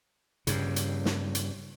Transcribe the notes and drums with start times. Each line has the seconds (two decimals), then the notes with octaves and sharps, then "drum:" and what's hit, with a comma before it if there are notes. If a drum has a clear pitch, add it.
0.47 G2 C#3, drum: hi-hat
0.76 drum: hi-hat
1.05 drum: snare
1.35 drum: hi-hat